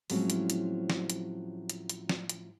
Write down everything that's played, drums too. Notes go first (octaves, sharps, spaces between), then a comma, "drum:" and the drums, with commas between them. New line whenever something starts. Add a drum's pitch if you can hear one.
A2 F3 F#3 G#3 C4 C#4, drum: open hi-hat
drum: hi-hat
drum: hi-hat
drum: snare
drum: hi-hat
drum: hi-hat
drum: hi-hat
drum: snare
drum: hi-hat